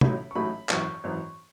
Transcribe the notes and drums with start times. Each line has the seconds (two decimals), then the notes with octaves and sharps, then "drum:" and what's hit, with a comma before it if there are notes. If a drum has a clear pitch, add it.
0.01 A1 A2 F#3 A3 D#4 B5, drum: tom
0.31 C#6
0.35 A1 A2 F#3 A3 D#4 B5
0.69 G#1 F#2 E3 C#6, drum: clap
1.04 G#1 F#2 E3